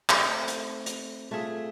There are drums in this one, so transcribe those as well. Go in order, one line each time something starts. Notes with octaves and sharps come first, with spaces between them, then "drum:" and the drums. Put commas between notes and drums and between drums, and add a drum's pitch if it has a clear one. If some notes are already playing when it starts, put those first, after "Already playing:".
A3 C4 D#4, drum: clap
drum: hi-hat
drum: hi-hat
A3 F4 G#4 E5